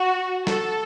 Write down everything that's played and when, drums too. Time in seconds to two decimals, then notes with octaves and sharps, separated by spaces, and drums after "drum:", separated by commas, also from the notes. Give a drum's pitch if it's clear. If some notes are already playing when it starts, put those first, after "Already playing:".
Already playing: F#4
0.47 A4, drum: snare